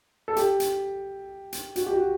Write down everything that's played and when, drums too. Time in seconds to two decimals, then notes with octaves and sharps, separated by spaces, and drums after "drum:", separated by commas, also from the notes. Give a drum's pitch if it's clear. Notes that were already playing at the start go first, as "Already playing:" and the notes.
0.28 A4
0.36 G4, drum: hi-hat
0.60 drum: hi-hat
1.52 drum: hi-hat
1.76 F#4, drum: hi-hat
1.86 G4
1.93 F#4